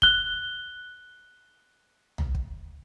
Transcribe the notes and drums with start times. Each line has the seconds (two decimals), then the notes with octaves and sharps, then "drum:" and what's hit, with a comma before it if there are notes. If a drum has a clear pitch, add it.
0.02 F#6 G7, drum: kick
2.18 drum: tom
2.35 drum: kick